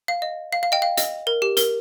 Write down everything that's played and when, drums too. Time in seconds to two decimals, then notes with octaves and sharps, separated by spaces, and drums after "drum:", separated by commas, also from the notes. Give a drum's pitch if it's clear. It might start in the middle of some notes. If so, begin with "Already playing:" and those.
0.08 F5
0.22 D#5
0.53 F5
0.63 F5
0.72 D#5 G5
0.82 F5
0.97 D#5, drum: hi-hat
1.27 A#4
1.42 G4
1.57 A#4, drum: hi-hat